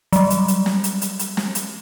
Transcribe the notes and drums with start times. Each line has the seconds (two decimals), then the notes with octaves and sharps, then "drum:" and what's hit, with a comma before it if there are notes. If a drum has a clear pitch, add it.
0.13 F#3 G3, drum: hi-hat
0.30 drum: hi-hat
0.48 drum: hi-hat
0.66 drum: snare
0.84 drum: hi-hat
1.02 drum: hi-hat
1.19 drum: hi-hat
1.37 drum: snare
1.55 drum: hi-hat